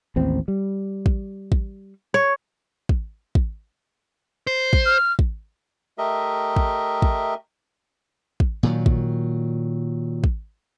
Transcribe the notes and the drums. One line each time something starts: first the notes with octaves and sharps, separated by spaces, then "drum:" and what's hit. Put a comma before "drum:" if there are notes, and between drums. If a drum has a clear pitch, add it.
A1 D#2 C4
G3
drum: kick
drum: kick
C#5
drum: kick
drum: kick
C5
drum: kick
F6
drum: kick
A3 G4 A#4 D#5 E5
drum: kick
drum: kick
drum: kick
A#2 D#3 F#3
drum: kick
drum: kick